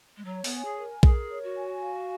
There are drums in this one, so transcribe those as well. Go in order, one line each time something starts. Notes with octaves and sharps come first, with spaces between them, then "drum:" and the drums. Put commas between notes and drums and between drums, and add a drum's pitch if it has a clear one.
G#3
F#3 C#5
B3, drum: open hi-hat
G#5
G#4
A#4
G#4 A#4, drum: kick A#1
C#5
F#4
G#5
F5